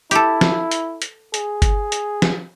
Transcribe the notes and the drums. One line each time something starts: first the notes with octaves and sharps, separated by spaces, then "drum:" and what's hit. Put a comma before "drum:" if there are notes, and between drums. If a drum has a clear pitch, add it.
E4 G4 A4, drum: hi-hat
drum: snare
drum: hi-hat
drum: hi-hat
G#4, drum: hi-hat
drum: kick G1, hi-hat
drum: hi-hat
drum: snare